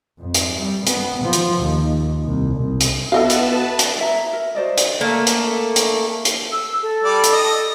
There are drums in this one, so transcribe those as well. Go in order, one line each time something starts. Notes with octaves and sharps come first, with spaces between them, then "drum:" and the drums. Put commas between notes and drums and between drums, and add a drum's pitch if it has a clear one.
F2
drum: hi-hat
G3
B3, drum: hi-hat
F3
drum: hi-hat
D#2
C2
C2
drum: hi-hat
B3 E4 F#4 A4 B4 D#5 F5 A5
drum: hi-hat
drum: hi-hat
E4 E5 A#5
A#4 E5
F#4 C5 D5 D#5
drum: hi-hat
A3 A#3
drum: hi-hat
drum: hi-hat
drum: hi-hat
E6
A4
G3 D5
drum: hi-hat
D#5